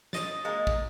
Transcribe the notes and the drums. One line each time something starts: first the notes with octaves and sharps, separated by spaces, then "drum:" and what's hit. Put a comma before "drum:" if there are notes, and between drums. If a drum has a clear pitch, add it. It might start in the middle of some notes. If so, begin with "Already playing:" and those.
D#5 A6, drum: snare
G#3 A#3
drum: kick